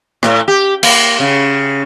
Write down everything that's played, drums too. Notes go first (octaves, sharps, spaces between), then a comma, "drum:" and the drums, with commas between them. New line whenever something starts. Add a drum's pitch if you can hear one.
A2, drum: rim click
G4
A#3, drum: cymbal
C#3